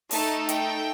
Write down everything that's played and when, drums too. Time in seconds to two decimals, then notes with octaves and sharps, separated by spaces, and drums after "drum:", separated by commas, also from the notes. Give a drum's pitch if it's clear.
0.11 A3 D#4 A4 A5, drum: open hi-hat
0.49 G5, drum: hi-hat